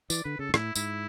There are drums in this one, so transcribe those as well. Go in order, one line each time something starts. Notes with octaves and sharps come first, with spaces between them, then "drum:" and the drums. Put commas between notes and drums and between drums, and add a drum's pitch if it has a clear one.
E3 D5, drum: tambourine
D3 B4
C#3 A4
G#2
A2 E4, drum: rim click
G#2 E4, drum: tambourine